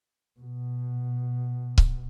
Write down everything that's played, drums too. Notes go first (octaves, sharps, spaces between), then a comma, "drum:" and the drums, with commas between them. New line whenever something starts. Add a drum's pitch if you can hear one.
B2
drum: kick C#1